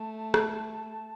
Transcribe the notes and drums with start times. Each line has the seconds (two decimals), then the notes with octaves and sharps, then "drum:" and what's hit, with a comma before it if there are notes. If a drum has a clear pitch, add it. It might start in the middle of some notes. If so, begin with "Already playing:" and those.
Already playing: A3 A5
0.34 drum: rim click